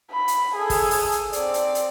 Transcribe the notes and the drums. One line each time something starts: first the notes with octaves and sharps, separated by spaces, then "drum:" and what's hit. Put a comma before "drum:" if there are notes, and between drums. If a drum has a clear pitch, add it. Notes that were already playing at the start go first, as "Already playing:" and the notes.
B5
drum: hi-hat
G#4 A4
drum: kick, open hi-hat
drum: open hi-hat
drum: hi-hat
C4 D5, drum: hi-hat
drum: hi-hat
drum: hi-hat